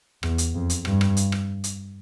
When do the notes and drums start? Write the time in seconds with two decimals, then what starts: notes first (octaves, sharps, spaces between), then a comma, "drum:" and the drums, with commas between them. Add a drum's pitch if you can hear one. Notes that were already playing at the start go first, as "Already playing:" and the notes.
0.23 E2, drum: rim click
0.38 drum: hi-hat
0.54 F2
0.70 drum: hi-hat
0.85 G2, drum: rim click
1.01 drum: rim click
1.17 drum: hi-hat
1.32 drum: rim click
1.64 drum: hi-hat